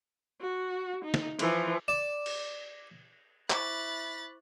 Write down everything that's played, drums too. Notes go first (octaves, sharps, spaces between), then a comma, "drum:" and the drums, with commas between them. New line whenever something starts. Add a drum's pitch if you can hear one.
F#4
D#4
drum: snare
E3 F3, drum: cymbal
D5 E7
drum: cymbal
E4 C5 B5 C#6 D6 F#6 A6, drum: clap